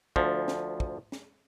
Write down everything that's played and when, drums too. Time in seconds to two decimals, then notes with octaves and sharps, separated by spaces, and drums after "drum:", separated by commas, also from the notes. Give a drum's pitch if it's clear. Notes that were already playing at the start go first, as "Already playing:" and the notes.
0.16 D2 F3, drum: kick
0.48 drum: snare
0.80 drum: kick
1.12 drum: snare